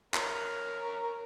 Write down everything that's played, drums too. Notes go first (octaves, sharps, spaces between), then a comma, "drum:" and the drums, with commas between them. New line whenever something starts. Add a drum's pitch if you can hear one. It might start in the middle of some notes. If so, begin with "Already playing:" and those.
A#4 C#5, drum: clap